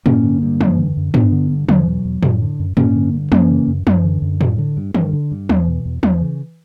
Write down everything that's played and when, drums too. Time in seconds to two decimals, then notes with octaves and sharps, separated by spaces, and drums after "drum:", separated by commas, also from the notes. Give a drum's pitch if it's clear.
0.06 G2 A#3 C#4, drum: tom A2
0.24 D3
0.42 G2
0.61 F#2, drum: tom
0.78 D3
0.97 F#2
1.14 G2 B3 D4, drum: tom
1.32 D3
1.51 G2
1.69 E2 D3 F#3, drum: tom
1.87 B2
2.05 E2
2.23 F#2, drum: tom A2
2.42 D3
2.60 F#2
2.77 G2 A#3 C#4, drum: tom A2
2.95 D3
3.14 G2
3.32 F#2 A#3 C#4, drum: tom
3.50 C#3
3.67 F#2
3.87 F#2, drum: tom
4.04 D3
4.22 F#2
4.41 G2, drum: tom A2
4.58 D3
4.77 G2
4.95 G2, drum: tom
5.13 D3
5.32 G2
5.49 E2, drum: tom
5.68 B2
5.85 E2
6.03 E2, drum: tom
6.21 C#3